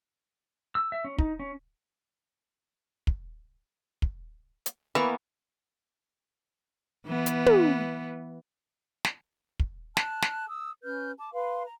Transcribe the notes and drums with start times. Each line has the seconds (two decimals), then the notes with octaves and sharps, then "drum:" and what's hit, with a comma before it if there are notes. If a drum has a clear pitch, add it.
0.75 E6
0.92 E5
1.05 C#4
1.18 D#4, drum: kick
1.39 C#4
3.07 drum: kick
4.02 drum: kick
4.66 drum: hi-hat
4.95 E3 A#3 B3 C#6
7.07 E3 B3
7.26 drum: hi-hat
7.46 drum: tom
9.05 drum: snare
9.60 drum: kick
9.97 A5 F6 F#6, drum: snare
10.22 drum: snare
10.49 D#6 E6
10.84 C#4 B4 F6 G6
11.18 A5 D6
11.34 B4 F5 C6
11.65 A#5